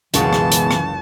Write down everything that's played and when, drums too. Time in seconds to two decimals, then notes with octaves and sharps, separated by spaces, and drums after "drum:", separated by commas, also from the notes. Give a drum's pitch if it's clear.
0.14 F#1 C#2 B2 E3 G#3 A5 C#6, drum: hi-hat
0.33 drum: rim click
0.52 drum: hi-hat
0.71 drum: rim click